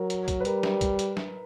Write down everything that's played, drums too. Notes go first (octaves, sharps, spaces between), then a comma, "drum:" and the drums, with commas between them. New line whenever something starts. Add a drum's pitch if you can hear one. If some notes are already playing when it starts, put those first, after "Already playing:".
Already playing: F#3 A#4
drum: hi-hat
drum: kick, hi-hat
B4
G3 A#4, drum: hi-hat
drum: snare
drum: kick, hi-hat
drum: hi-hat
drum: snare